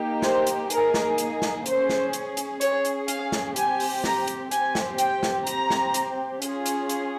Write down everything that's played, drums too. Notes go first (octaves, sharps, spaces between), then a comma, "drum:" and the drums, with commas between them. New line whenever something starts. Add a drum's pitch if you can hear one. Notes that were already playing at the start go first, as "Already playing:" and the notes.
Already playing: A#3 D#4 G4
C5, drum: snare
drum: hi-hat
A#3 D#4 G#4 A#4, drum: hi-hat
drum: snare
drum: hi-hat
drum: snare
C#4 G#4 C5, drum: hi-hat
drum: snare
drum: hi-hat
drum: hi-hat
C#4 G#4 C#5, drum: hi-hat
drum: hi-hat
F5, drum: hi-hat
drum: snare
C4 G4 G#5, drum: hi-hat
drum: open hi-hat
A#5, drum: snare
drum: hi-hat
C4 G4 G#5, drum: hi-hat
drum: snare
G5, drum: hi-hat
drum: snare
C4 G4 A#5, drum: hi-hat
drum: snare
drum: hi-hat
C#4 F4 G#4, drum: hi-hat
drum: hi-hat
drum: hi-hat